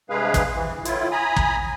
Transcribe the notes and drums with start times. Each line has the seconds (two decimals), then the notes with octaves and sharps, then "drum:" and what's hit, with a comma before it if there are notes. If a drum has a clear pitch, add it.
0.10 G2 C3 G#3 G#4 B4 F5
0.34 drum: kick, hi-hat
0.52 E3
0.85 A2 E4 F4, drum: hi-hat
1.11 G#5 A#5 B5 D#6
1.36 drum: kick